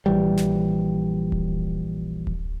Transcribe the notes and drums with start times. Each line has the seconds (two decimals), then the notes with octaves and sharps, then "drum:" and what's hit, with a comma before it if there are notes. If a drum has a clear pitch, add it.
0.06 A#1 E3 G3
0.37 drum: snare
1.32 drum: kick D1
2.27 drum: kick D1